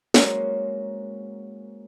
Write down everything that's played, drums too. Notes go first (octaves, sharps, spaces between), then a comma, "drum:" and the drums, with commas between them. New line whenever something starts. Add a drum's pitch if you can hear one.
G#3 A#3 C#4 F#4 C5, drum: snare